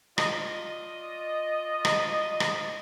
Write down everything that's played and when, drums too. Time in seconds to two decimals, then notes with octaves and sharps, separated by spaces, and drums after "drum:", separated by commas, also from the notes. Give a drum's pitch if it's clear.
0.18 F4 D5 D#5, drum: rim click
1.85 drum: rim click
2.40 drum: rim click